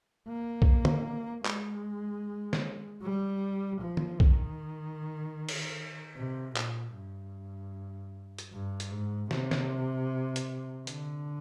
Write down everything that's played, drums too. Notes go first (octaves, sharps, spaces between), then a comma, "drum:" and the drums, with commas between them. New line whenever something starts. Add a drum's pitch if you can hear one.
A#3
drum: kick
drum: tom
G#3, drum: clap
drum: snare
G3
F3
drum: tom D#3
D#3, drum: kick
drum: cymbal
C3
A#2, drum: clap
G2
drum: hi-hat
G2
drum: hi-hat
G#2
C3, drum: snare
drum: snare
drum: hi-hat
D3, drum: hi-hat